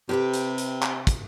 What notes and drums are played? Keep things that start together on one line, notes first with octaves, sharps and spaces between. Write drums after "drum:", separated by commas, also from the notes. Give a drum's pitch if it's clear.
C3 G4 B4 G5
drum: hi-hat
drum: hi-hat
drum: clap
drum: kick, hi-hat